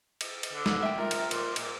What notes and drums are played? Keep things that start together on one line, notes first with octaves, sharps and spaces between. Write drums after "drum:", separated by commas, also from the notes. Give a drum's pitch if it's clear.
drum: cymbal
drum: cymbal
D3
drum: snare
E5 G5
F4 A#4
drum: cymbal
A#2, drum: cymbal
A#2, drum: cymbal